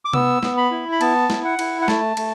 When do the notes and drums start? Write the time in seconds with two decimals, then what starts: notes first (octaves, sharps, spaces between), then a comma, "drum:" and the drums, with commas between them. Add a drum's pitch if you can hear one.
0.05 D6
0.13 B3 E6, drum: tom C3
0.43 B3, drum: snare
0.57 B5
0.71 E4
0.92 B5
1.01 B3 A5, drum: cymbal
1.30 E4, drum: snare
1.44 F#5
1.59 E4, drum: cymbal
1.82 F#5
1.88 A3 A5, drum: snare
2.17 A3, drum: cymbal